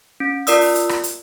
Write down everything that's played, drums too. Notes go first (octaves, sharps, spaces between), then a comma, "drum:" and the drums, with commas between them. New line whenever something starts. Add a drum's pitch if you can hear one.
C#4
F4 A#4 D5 D#6 E6, drum: hi-hat
drum: open hi-hat
drum: hi-hat
drum: rim click
drum: hi-hat